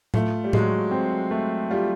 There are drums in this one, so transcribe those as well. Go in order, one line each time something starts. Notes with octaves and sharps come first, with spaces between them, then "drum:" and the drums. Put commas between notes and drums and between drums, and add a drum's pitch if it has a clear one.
A3 F4, drum: tom A2
G3
F#3 G#3, drum: tom A2
C4
A3
G3 F4